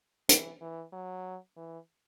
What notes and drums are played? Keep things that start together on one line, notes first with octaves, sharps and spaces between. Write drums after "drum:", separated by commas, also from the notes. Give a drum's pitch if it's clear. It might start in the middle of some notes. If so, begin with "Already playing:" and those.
E3, drum: hi-hat
E3
F#3
E3